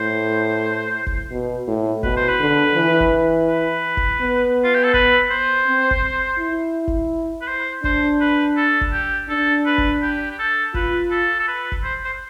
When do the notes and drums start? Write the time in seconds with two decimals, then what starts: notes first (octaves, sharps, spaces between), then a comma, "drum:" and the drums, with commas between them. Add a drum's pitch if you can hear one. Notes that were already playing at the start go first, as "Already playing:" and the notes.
Already playing: A2 C5
1.07 drum: kick F#1
1.31 B2
1.67 A2
2.03 B2 B4, drum: kick F#1
2.17 C5
2.29 B4
2.40 D3
2.76 E3
3.00 drum: kick F#1
3.49 B4
3.97 drum: kick F#1
4.21 B3
4.64 F4
4.74 G4
4.84 A4
4.94 B4, drum: kick F#1
5.31 C5
5.67 C4
5.91 drum: kick F#1
6.39 E4
6.88 drum: kick F#1
7.42 B4
7.48 C5
7.84 D4 C5, drum: kick F#1
8.21 B4
8.57 A4
8.81 drum: kick F#1
8.93 G4
9.29 D4 A4
9.66 B4
9.78 drum: kick F#1
10.02 G4
10.31 G4
10.39 A4
10.74 F4 B4, drum: kick F#1
11.11 A4
11.39 A4
11.48 B4
11.72 drum: kick F#1
11.84 C5
12.05 C5